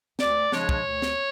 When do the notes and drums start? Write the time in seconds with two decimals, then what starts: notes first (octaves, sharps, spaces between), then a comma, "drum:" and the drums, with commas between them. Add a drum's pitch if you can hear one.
0.19 D2 D5, drum: snare
0.52 C#3 F3 G#3 D4 C#5, drum: snare
0.69 drum: kick
0.86 D2
1.02 drum: snare